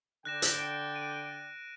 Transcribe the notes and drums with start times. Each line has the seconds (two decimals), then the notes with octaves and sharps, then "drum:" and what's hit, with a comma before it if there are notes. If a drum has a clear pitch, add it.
0.25 D3 D5 G5 F#6 A#6 E7
0.42 drum: hi-hat
0.55 D7
0.96 D#7